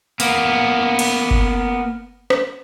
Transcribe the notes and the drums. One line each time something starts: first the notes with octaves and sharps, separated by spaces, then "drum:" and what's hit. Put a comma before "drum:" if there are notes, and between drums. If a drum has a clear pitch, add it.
A#3 B3, drum: hi-hat
drum: cymbal
drum: kick G1
drum: rim click